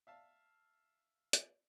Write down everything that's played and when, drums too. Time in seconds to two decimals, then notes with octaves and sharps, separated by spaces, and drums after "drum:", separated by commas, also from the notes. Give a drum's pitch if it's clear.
0.07 E5 F5 A5
1.33 drum: hi-hat